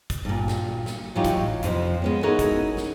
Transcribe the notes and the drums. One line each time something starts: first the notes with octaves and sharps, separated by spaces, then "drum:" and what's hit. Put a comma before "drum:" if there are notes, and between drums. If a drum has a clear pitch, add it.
drum: kick, hi-hat
G2 A#2
drum: snare
drum: snare
A2 E3 F#3 D#4 F4 G4
drum: kick, hi-hat
F2 C3 F3, drum: hi-hat
G#3 B3 C#4
C#4 D#4 E4 F#4 G#4 A#4
drum: kick, hi-hat
drum: snare